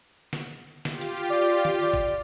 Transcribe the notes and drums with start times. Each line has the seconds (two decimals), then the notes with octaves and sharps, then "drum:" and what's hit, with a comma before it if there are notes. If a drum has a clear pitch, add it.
0.33 drum: snare
0.85 F4 G4, drum: snare
1.01 drum: hi-hat
1.30 D5
1.65 drum: tom D#3
1.82 D5
1.93 drum: kick